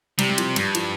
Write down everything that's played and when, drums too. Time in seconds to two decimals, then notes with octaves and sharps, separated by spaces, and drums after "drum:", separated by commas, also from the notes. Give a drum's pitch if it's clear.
0.19 C3 G3, drum: cymbal
0.29 G3
0.38 F3, drum: cymbal
0.56 G2 G3, drum: cymbal
0.75 F3, drum: cymbal